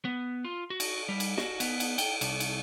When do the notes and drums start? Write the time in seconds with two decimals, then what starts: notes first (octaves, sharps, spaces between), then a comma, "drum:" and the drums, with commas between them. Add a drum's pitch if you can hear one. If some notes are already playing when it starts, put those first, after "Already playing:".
0.05 B3
0.45 F4
0.70 F#4
0.80 drum: cymbal
1.09 G3
1.20 drum: cymbal
1.37 F#4, drum: snare
1.60 B3, drum: cymbal
1.80 drum: cymbal
1.98 G5, drum: cymbal
2.21 C2, drum: cymbal
2.40 drum: cymbal